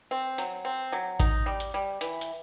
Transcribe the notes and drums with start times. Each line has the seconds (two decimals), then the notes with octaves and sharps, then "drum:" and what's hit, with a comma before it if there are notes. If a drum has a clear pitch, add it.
0.11 C4
0.38 F#3, drum: hi-hat
0.65 C4
0.92 F#3
1.19 D#4, drum: kick A1, hi-hat
1.46 G3
1.60 drum: hi-hat
1.74 G3
2.01 E3, drum: hi-hat
2.21 drum: hi-hat